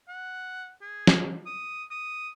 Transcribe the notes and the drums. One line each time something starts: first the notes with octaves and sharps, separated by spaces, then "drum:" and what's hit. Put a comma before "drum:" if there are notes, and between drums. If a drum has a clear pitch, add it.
F#5
G#4
drum: snare
D#6
D#6